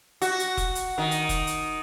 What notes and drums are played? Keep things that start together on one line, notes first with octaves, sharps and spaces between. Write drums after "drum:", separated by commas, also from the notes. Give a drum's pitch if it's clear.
F#4, drum: hi-hat
drum: hi-hat
drum: kick E1, hi-hat
drum: hi-hat
D#3
drum: hi-hat
drum: kick E1, hi-hat
drum: hi-hat